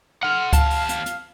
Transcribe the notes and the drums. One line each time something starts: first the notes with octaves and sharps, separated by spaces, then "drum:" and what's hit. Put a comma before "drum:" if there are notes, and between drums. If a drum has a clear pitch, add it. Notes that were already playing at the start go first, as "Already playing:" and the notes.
F#5 C6 F6
D#2 F5 A5, drum: kick C#2, hi-hat
drum: open hi-hat
F5, drum: hi-hat
drum: hi-hat